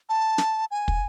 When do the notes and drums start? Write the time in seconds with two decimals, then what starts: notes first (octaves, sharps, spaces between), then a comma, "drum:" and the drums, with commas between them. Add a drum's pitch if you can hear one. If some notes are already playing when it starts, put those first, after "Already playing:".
0.09 A5
0.38 drum: snare
0.71 G#5
0.88 drum: kick